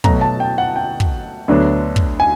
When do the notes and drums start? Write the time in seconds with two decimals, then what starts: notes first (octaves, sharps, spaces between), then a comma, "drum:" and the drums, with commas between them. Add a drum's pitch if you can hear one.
0.04 B2 F#3 A3 A#5, drum: kick
0.21 A5
0.40 G5
0.58 F#5
0.76 G5
1.00 drum: kick
1.48 D2 D3 F#3 B3 D4
1.96 drum: kick
2.20 G#5